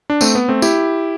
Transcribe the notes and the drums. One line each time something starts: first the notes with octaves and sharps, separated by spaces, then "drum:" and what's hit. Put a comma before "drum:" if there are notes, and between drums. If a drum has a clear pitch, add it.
D4
A3 C4, drum: tambourine
B3
A3 C4
E4 G4, drum: tambourine